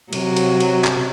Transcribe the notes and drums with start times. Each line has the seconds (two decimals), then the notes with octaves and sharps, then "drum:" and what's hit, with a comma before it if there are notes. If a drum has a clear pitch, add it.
0.13 C3 F#3, drum: cymbal
0.36 drum: cymbal
0.60 drum: cymbal
0.84 drum: clap